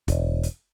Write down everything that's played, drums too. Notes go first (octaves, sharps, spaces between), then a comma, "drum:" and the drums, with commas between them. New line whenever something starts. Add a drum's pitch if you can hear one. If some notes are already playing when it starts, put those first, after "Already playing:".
E1, drum: kick, hi-hat
drum: hi-hat